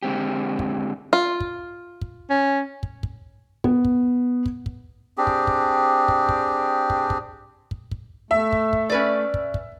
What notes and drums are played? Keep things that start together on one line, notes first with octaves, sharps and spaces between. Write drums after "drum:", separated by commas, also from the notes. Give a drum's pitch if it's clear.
D3 G#3 C4 G4
drum: kick
F4
drum: kick
drum: kick
C#4
drum: kick
drum: kick
B3, drum: kick
drum: kick
drum: kick
drum: kick
C4 D4 G4 G#4
drum: kick
drum: kick
drum: kick
drum: kick
drum: kick
drum: kick
drum: kick
drum: kick
A3 E5
drum: kick
drum: kick
C#4 B4 D5
drum: kick
drum: kick